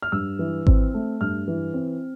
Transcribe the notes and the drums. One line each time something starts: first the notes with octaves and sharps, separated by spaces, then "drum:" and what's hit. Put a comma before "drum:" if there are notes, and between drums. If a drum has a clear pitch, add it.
F6
G2 E6
E3
C4, drum: kick G#1
A3
G2 F6
E3
C4